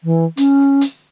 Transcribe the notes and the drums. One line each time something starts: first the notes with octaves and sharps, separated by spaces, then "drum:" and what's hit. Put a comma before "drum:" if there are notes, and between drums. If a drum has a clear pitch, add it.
E3
C#4, drum: hi-hat
drum: hi-hat